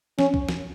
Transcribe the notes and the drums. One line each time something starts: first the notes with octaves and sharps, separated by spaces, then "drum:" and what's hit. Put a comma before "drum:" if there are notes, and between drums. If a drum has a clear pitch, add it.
C#4, drum: snare
drum: kick B1
drum: snare